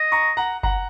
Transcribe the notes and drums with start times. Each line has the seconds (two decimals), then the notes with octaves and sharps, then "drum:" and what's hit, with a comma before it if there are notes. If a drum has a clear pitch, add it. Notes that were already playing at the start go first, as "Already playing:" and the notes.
Already playing: D#5
0.12 A#5 C#6
0.37 F#5 A#5
0.63 F#5 A#5, drum: kick F#1